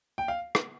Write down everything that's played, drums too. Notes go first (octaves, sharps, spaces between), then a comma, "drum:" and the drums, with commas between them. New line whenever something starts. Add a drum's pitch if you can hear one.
G5
F5
drum: rim click